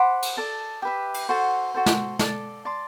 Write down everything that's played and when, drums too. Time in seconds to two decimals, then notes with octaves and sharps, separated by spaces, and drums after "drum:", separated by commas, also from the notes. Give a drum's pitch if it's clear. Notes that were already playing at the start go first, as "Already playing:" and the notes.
Already playing: C5 F#5 B5 D6
0.22 drum: cymbal
0.37 A4 D5 A5
0.82 G4 B4 E5
1.14 drum: cymbal
1.29 F#4 A4 C5 F#5
1.74 F#4 A4 C5
1.86 drum: snare
2.19 A4 D5 A5, drum: snare
2.65 D5 A5 C6